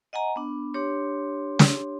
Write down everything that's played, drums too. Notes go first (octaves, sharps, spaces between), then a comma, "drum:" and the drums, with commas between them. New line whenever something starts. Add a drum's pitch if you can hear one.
D#5 F#5 G#5 A#5
B3 D4
D4 G4 C#5 C6
drum: snare